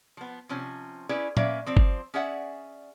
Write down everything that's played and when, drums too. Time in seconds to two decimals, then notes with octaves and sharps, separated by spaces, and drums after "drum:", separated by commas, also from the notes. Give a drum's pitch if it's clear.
0.17 F3 B3
0.49 C3 F3 C#4
1.09 C#4 E4 G#4 B4 D5
1.37 A#3 C#4 B4 D5 E5 F5, drum: tom A#2
1.66 F3 C4 D5
1.77 drum: kick G1
2.14 C#4 G#4 D5 E5 F#5